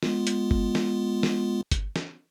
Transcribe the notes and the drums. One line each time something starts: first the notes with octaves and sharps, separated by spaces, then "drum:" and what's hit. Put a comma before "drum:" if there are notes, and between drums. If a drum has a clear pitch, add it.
G#3 B3 F4, drum: snare
drum: hi-hat
drum: kick G1
drum: snare
drum: snare
drum: kick G1, hi-hat
drum: snare